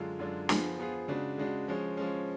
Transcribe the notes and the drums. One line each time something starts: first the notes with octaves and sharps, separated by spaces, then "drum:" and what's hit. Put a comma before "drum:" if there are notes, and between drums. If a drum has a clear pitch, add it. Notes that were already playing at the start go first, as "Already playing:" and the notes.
Already playing: F#2 D3 G#3 D4 F4
F#2 D3 G#3 D4 F4
F3 B3 F4 G#4, drum: snare
F3 B3 F4 G#4
C#3 G#3 D4 F#4
C#3 G#3 D4 F#4
F3 G#3 C#4
F3 G#3 C#4